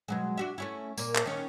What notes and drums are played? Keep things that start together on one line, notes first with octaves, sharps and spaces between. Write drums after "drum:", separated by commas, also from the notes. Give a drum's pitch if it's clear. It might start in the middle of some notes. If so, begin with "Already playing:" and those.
B2 F#3 G#3
D4 F#4 E5
A3 C#4 E4
A#2 A#3, drum: tambourine
drum: clap
D#3 C#4